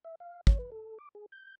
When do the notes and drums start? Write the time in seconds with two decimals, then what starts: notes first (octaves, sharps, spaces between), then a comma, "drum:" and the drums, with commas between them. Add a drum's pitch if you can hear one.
0.05 E5
0.20 F5
0.47 C#5, drum: kick
0.59 B4
0.72 A4
0.99 D6
1.15 G#4
1.32 G6